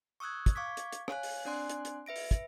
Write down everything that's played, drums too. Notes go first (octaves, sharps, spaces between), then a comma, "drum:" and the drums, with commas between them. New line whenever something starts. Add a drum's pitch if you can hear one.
C#6 D#6 E6 F#6 G#6
drum: kick, hi-hat
F5 C#6 D6 G#6 B6
drum: hi-hat
drum: hi-hat
C#5 F5 G#5 F#6, drum: rim click
drum: open hi-hat
C4 D4 D5 G#5 C6 F#6
drum: hi-hat
drum: hi-hat
B4 E5 A#6 D7
drum: open hi-hat
drum: kick, hi-hat